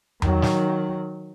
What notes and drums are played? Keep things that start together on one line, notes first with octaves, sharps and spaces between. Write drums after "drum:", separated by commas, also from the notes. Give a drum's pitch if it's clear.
D#3 F#3, drum: tom E2
drum: snare